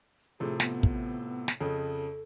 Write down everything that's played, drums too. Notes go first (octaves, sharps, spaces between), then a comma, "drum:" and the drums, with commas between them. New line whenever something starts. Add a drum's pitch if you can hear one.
A2 C3 F3 G#4
B3, drum: snare
drum: kick
drum: snare
F2 C#3 A4